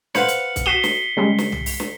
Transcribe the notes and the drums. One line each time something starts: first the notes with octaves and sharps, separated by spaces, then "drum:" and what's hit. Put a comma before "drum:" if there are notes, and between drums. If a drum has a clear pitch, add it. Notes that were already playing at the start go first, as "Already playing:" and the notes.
B4 C5 F5 F#5 C#7, drum: snare
drum: hi-hat
drum: kick C2, hi-hat
F#4 D#6 B6 C7 E7 G7
drum: snare
C#3 G3 G#3
drum: snare
drum: tom
drum: open hi-hat
drum: snare